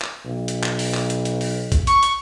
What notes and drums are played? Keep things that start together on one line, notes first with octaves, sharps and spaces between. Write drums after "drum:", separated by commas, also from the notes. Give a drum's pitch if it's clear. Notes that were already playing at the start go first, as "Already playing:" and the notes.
drum: clap
B1
drum: hi-hat
drum: clap
drum: open hi-hat
drum: clap
drum: hi-hat
drum: hi-hat
drum: open hi-hat
drum: kick A#1, hi-hat
C#6, drum: hi-hat
drum: hi-hat